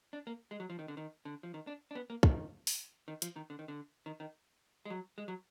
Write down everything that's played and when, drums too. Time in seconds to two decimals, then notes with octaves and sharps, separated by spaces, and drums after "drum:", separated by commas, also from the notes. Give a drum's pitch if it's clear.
0.13 D4
0.27 A#3
0.51 G#3
0.60 F#3
0.70 F3
0.79 D#3
0.88 D3
0.97 D#3
1.25 D3
1.43 F3
1.54 D#3
1.67 D4
1.91 D4
1.95 B3
2.10 A#3
2.23 D#3, drum: kick
2.67 drum: open hi-hat
3.08 D#3
3.22 F3, drum: hi-hat
3.36 D#3
3.50 D3
3.59 D#3
3.68 D3
4.06 D#3
4.20 D#3
4.85 G#3
4.90 F#3
5.18 G#3
5.28 F#3